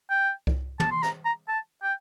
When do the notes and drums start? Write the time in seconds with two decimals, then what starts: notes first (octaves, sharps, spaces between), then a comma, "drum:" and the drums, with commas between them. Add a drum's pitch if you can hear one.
0.10 G5
0.47 drum: kick C2
0.80 A5, drum: tom
0.92 C6
1.03 A#5, drum: snare
1.25 A#5
1.48 A5
1.83 G5